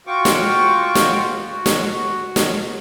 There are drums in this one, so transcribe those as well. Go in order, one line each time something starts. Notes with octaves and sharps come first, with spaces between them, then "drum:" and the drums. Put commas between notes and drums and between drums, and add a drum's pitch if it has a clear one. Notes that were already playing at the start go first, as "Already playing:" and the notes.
F4 F#4 G5 C#6 D6
drum: snare
drum: snare
F#4
drum: snare
drum: snare